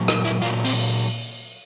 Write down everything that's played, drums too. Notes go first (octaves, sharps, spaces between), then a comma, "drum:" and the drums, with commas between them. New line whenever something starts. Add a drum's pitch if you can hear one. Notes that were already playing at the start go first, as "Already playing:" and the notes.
Already playing: A#2 F#3
D#4, drum: rim click
E4
A#2 F#3 F4
C4, drum: open hi-hat